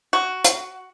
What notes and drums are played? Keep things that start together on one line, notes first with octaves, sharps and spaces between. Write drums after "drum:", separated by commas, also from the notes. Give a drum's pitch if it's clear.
F#4
drum: hi-hat